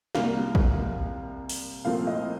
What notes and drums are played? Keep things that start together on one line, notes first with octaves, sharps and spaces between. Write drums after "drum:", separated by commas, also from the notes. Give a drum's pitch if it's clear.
C2 C3 G3 A#3 F5, drum: snare
drum: kick
drum: open hi-hat
C2 A#2 F3 A3 C4 F5
D#5